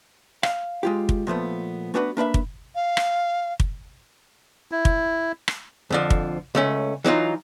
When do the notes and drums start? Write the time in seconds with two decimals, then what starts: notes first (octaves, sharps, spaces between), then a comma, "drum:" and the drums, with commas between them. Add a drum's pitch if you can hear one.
0.43 F5, drum: rim click
0.83 G#3 F4 G4
1.09 drum: kick
1.27 A#2 F3 A3 B3
1.94 A3 B3 D4 F#4 G4 B4
2.17 A#3 D4 B4 E5
2.34 drum: kick
2.75 F5
2.97 drum: rim click
3.60 drum: kick
4.72 E4
4.85 drum: kick
5.48 drum: rim click
5.90 F2 D3 F3
6.10 drum: kick
6.55 C#2 A3 C#4
7.04 E3 F#3 D#4 F4